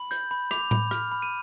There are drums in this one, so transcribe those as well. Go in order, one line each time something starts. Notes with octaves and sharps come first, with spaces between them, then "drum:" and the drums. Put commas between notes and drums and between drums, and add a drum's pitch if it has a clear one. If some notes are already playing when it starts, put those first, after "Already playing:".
Already playing: B5 F#7
G6, drum: hi-hat
B5
D6 F7, drum: rim click
B5, drum: tom A2
F6, drum: rim click
B5
D#7